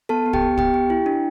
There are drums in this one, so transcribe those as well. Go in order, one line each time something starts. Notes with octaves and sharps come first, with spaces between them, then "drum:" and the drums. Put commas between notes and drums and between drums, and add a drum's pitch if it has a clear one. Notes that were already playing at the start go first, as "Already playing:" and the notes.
B3 A4 A5
B3
G4 G5, drum: kick
B3
B3 G4 G5, drum: kick
G4
E4
D4